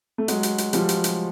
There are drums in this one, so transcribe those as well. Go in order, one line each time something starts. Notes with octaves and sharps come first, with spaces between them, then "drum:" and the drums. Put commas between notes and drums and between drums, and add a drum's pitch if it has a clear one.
A3
F#3 G#3, drum: hi-hat
drum: hi-hat
drum: hi-hat
F3 G3, drum: hi-hat
drum: hi-hat
drum: hi-hat